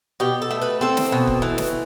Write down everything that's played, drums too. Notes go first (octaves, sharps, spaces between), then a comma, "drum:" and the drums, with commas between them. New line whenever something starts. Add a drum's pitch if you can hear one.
B2 G4
A4
A3
B4
C4 A4
drum: snare
B2
drum: kick
E3
drum: snare